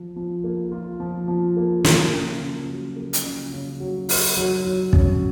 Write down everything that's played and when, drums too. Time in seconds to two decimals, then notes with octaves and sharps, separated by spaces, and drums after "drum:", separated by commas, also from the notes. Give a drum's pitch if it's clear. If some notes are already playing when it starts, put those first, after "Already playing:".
Already playing: F3 F4
0.16 F3
0.44 A#3
0.72 F4
1.00 F3
1.28 F3
1.57 A#3
1.84 A#3, drum: snare
2.13 C#3
2.40 C#3
2.69 F#3
2.97 A#3
3.13 drum: hi-hat
3.24 C#3
3.52 C#3
3.80 F#3
4.09 F#4, drum: open hi-hat
4.37 F#3
4.65 F#3
4.93 C#4, drum: kick